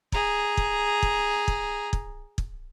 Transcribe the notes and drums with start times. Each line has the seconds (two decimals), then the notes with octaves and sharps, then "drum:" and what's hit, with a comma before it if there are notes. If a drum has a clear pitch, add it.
0.12 G#4 A#5, drum: kick
0.57 drum: kick
1.03 drum: kick
1.48 drum: kick
1.93 drum: kick
2.38 drum: kick